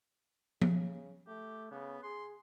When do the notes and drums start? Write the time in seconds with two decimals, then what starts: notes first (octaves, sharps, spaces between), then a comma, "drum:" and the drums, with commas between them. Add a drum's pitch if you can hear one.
0.62 C#3, drum: tom F3
1.27 A3 G4
1.71 C#3 B3
2.03 G#4 C6